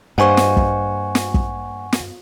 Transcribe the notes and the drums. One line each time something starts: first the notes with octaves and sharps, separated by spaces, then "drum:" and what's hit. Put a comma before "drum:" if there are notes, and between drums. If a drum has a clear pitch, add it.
G2 A#3 C5 D#5 F#5 G#5 C#6
drum: snare
drum: kick
drum: snare
drum: kick
drum: snare